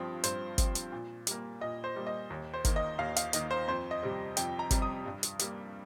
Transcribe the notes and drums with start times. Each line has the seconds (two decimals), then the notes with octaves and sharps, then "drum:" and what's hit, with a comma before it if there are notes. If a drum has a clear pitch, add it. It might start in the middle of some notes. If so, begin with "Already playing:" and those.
Already playing: G2 F3 C4 D#6
0.24 G2 C5, drum: hi-hat
0.58 F3 C4, drum: kick G1, hi-hat
0.75 drum: hi-hat
0.92 A#2
1.27 G3 A#3, drum: hi-hat
1.61 A#2 D#5
1.84 C5
1.96 G3 A#3
2.07 D#5
2.30 D#2
2.54 C5
2.65 D#3 A#3, drum: kick G1, hi-hat
2.76 D#5
2.99 D#2 F5
3.16 F5, drum: hi-hat
3.33 D#3 A#3 D#5, drum: hi-hat
3.51 C5
3.67 F2 C5
3.91 D#5
4.02 C3 G3 C4
4.37 F2 G5, drum: hi-hat
4.59 A#5
4.71 C3 G3 C4, drum: kick G1, hi-hat
4.82 D#6
5.06 G2
5.23 drum: hi-hat
5.39 G3 A#3, drum: hi-hat